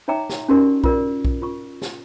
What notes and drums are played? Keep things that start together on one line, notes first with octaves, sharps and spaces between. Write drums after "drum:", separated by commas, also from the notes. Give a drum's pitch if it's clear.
D#4 C#5 E5 G5 A#5 D6
drum: snare
C#4 D#4 F#4 G4 A#4 D5
F4 A#4 D5, drum: kick B1
drum: kick B1
F4 C#6
drum: snare